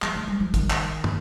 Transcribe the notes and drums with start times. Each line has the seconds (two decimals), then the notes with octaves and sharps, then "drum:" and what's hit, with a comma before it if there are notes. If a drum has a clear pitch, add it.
0.02 F3, drum: clap
0.15 A3
0.27 G3
0.40 F3
0.54 D#3, drum: kick, hi-hat
0.70 drum: clap
1.04 drum: tom